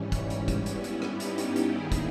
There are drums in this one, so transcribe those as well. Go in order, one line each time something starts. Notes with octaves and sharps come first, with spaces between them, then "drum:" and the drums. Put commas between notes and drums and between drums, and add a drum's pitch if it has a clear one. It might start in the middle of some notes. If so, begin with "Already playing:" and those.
Already playing: G#2 E3 G3 C#4
drum: kick, hi-hat
drum: hi-hat
drum: kick, hi-hat
G2 G3 B3 C#4 E4, drum: hi-hat
drum: hi-hat
drum: rim click
D#4 G4, drum: hi-hat
drum: hi-hat
drum: hi-hat
G2 D#3 A#3 E4 G#4
drum: kick, hi-hat